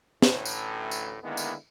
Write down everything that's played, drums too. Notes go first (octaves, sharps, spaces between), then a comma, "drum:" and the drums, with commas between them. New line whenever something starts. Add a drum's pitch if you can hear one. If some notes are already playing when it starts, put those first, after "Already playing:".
A1 D2 A2, drum: snare
drum: tambourine
drum: tambourine
D3 D#3 G#3 A#3 B3 E4
drum: tambourine